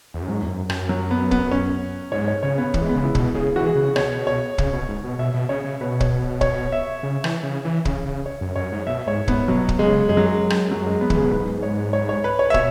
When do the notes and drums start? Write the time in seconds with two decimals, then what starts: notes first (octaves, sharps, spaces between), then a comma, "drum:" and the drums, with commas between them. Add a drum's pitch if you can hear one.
0.14 E2
0.22 F#2
0.28 G#2 F#3
0.43 E2
0.49 F#2
0.70 F#2, drum: rim click
0.89 F#3
1.11 B3
1.31 B3, drum: kick
1.51 C#4
2.12 G#2 C#5
2.28 C#5
2.43 C#3 C#5
2.58 B3
2.74 E3 B3, drum: kick
2.81 G#3
2.89 B3
2.95 C#3
3.04 E4
3.15 B2, drum: kick
3.34 C#3 G#4
3.56 E3 F#4
3.66 G#4
3.75 C#3
3.96 B2 C#5, drum: rim click
4.27 C#5
4.58 C#3, drum: kick
4.73 B2
4.88 G#2
5.04 B2
5.19 B2 E5
5.34 B2
5.49 C#3 C#5
5.64 C#3
5.81 B2 B4
6.00 C#5, drum: kick
6.41 C#5, drum: kick
6.72 E5
7.03 C#3
7.24 E3, drum: rim click
7.43 C#3
7.65 E3
7.85 C#3, drum: kick
8.06 C#3
8.26 C#5
8.41 F#2
8.56 F#2 C#5
8.72 G#2
8.87 B2 E5
9.07 G#2 C#5
9.28 G#2 B3, drum: kick
9.48 B2 F#3
9.69 drum: kick
9.79 C#3 G#3
10.09 F#2 G#3
10.17 F#3
10.26 G#3
10.50 drum: rim click
10.71 F#3
10.87 G#3
11.01 B3
11.10 E3, drum: kick
11.17 C#3 G#4
11.24 B2
11.32 G#2 B4
11.63 C#5
11.93 C#5
12.09 C#5
12.24 B4
12.39 C#5
12.50 E5
12.54 B2 C#5, drum: kick